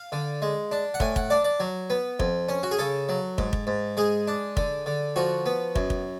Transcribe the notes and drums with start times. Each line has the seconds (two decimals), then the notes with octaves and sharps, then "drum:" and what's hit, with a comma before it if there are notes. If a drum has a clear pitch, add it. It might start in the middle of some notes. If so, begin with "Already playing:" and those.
Already playing: F5
0.12 D3
0.42 G#3
0.72 D4
0.94 F#5
1.00 A2 G#5, drum: kick
1.16 F#5, drum: kick
1.30 D4 D5
1.44 D5
1.60 F#3
1.90 B3
2.20 F2, drum: kick
2.49 C#4
2.63 F#4
2.71 G#4
2.79 C#3 A4
3.09 F#3
3.38 G#2, drum: kick
3.53 drum: kick
3.67 G#2
3.97 G#3 G#4
4.27 D4
4.57 D3, drum: kick
4.86 D3
5.16 F3 F#4
5.46 B3
5.76 F#2, drum: kick
5.90 drum: kick